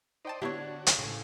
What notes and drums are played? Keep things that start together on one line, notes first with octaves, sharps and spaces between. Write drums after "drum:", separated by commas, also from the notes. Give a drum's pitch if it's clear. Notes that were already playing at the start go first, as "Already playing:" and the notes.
D#4 C5 D5 D#5 G5 A5
D3 B3 D4 E4 F#4 G4 C#5
drum: hi-hat
A2 C#3